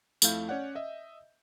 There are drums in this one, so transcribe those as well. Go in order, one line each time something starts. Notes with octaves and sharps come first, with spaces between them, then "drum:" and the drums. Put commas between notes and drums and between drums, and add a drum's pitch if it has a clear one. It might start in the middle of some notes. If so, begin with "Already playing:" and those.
F2 A3 E4 F5 G6, drum: tambourine
C#4 C#5 D5 F#5
D#5 E5